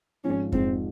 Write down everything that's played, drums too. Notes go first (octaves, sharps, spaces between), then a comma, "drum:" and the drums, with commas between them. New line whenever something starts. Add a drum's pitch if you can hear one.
G#1 G#2 F3 C#4
G#1 G#2 F3 C4, drum: kick F2